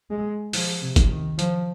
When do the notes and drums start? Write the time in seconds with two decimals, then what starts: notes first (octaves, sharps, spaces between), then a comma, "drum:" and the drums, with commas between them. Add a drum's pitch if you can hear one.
0.10 G#3
0.53 F3, drum: open hi-hat
0.82 C3
0.96 drum: kick, hi-hat
1.10 D#3
1.39 F3, drum: hi-hat